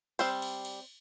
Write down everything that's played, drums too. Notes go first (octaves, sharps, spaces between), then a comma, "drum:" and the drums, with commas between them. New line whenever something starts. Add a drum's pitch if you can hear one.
G3 C4 C5, drum: cymbal
drum: cymbal
drum: cymbal